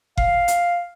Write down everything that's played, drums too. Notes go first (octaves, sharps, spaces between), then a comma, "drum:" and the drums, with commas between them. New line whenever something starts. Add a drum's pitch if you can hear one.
F5, drum: kick F#1
drum: hi-hat